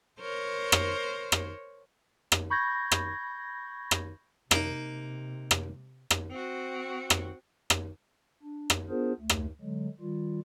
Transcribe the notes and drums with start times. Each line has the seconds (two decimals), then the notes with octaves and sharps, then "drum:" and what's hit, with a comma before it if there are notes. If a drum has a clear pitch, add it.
0.19 A#4 C5 C#5
0.72 drum: rim click
1.32 drum: rim click
2.32 drum: rim click
2.50 B5 C#6 G6 G#6 A#6
2.92 drum: rim click
3.91 drum: rim click
4.51 C3 A#3 D#4, drum: rim click
5.51 drum: rim click
6.11 drum: rim click
6.31 C4 F#4
7.10 drum: rim click
7.70 drum: rim click
8.43 D4
8.70 drum: rim click
8.89 B3 D4 F4 G#4 A#4 C5
9.20 D2 A3
9.29 drum: rim click
9.61 D3 F#3 G#3
10.00 D#3 G3 F4